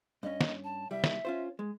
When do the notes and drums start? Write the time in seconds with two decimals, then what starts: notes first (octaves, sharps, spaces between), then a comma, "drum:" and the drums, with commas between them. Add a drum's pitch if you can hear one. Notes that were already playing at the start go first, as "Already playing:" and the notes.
0.23 G2 C#4 D#5
0.41 drum: snare
0.64 A5
0.91 C2 G3 E5
1.04 drum: snare
1.25 C#4 F4 C5
1.59 G#3